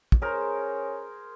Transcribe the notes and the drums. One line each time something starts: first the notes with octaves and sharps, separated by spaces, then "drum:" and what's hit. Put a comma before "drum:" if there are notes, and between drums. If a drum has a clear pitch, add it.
drum: kick
C#4 G#4 A#4 C5